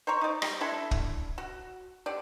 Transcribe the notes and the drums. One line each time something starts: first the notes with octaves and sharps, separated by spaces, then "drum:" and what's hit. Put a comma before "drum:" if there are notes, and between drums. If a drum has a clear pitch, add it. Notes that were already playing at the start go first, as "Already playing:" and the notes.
C5 C#5 A#5 C#6
D#4 D5
G3, drum: rim click
D4 E4 A4 C6
drum: kick
F#4
D3 G4 D5